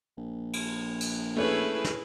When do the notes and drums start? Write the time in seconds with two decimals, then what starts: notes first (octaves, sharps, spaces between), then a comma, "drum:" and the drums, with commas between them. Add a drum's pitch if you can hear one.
0.17 A#1
0.53 drum: cymbal
1.01 drum: cymbal
1.37 A3 C#4 E4 G#4 B4 C#5
1.84 drum: snare